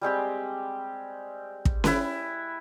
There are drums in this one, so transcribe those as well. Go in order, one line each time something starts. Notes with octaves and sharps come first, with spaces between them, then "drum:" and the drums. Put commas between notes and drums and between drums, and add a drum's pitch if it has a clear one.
G3 G#3 C4 G4
drum: kick
E4 B4, drum: snare C#4